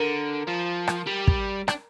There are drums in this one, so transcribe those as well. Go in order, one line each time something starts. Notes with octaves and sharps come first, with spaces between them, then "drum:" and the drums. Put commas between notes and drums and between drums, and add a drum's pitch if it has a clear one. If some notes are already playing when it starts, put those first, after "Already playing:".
Already playing: D3 A#4
F3
drum: rim click
G3
drum: kick
D4, drum: rim click